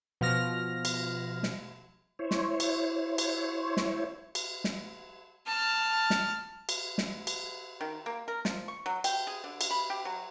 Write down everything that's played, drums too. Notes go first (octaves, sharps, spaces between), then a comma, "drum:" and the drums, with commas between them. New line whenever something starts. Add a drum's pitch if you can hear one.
B2 F3 F6 A#6
drum: cymbal
drum: snare
E4 C5 C#5
drum: snare
drum: cymbal
drum: cymbal
drum: snare
drum: cymbal
drum: snare
A5 F6
drum: snare
drum: cymbal
drum: snare
drum: cymbal
D#3
A#3
A#4
F3, drum: snare
C#6
F#3
G5, drum: cymbal
G#4
D3
drum: cymbal
B5
G4
F#3